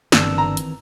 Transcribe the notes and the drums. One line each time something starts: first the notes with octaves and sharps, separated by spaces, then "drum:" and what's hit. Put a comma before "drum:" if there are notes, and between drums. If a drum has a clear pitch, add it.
G1 D#3 E3 C4 D4 E6, drum: snare
A#5
drum: hi-hat